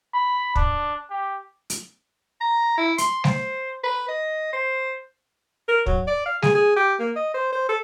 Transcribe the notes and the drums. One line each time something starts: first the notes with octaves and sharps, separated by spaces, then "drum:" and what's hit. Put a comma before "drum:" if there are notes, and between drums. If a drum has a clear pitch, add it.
B5
D4, drum: kick
G4
drum: hi-hat
A#5
E4
C6, drum: hi-hat
C5, drum: snare G3
B4
D#5
C5
A#4
F#3, drum: kick
D5
F5
G#4, drum: snare G3
G#4
G4
A#3
D#5
C5
C5
A4